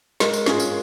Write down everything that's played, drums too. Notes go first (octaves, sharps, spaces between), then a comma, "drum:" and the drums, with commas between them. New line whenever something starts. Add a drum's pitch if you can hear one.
G#3 A#4, drum: snare
drum: tambourine
C#4 F4 G#4, drum: snare
drum: tambourine